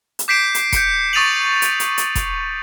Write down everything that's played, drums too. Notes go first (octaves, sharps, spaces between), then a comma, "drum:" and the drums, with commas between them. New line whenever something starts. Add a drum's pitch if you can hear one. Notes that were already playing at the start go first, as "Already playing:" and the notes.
drum: hi-hat
D6 G6 B6 C7 D7 E7
drum: hi-hat
G6 C#7, drum: kick, hi-hat
C#6 D#6 A6 D#7 F7 F#7
drum: hi-hat
drum: hi-hat
drum: hi-hat
drum: kick, hi-hat